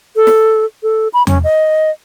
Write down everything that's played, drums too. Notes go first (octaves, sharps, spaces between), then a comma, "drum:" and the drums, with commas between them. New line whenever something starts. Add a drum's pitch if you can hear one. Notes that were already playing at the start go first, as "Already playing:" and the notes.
A4
drum: snare
A4
B5
C#4, drum: tom E2
D#5